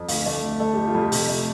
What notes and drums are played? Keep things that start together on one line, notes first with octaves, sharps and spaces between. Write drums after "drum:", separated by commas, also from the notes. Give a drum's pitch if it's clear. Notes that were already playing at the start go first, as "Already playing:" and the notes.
Already playing: F2
D2 F5, drum: open hi-hat
A3 D5
D2
A3 A4
F2 G4
F4
F2
G4
C3, drum: open hi-hat
A3